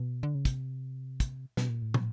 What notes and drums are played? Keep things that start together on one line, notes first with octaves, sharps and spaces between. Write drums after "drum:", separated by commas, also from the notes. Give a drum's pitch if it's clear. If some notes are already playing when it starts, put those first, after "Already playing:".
Already playing: B2
D3
C#3
C3, drum: kick, hi-hat
drum: kick, hi-hat
B2, drum: snare
A#2
A2
drum: tom